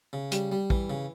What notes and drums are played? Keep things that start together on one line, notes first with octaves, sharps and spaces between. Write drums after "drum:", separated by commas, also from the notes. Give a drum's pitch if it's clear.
C#3
G3, drum: hi-hat
G3
E3, drum: kick
C#3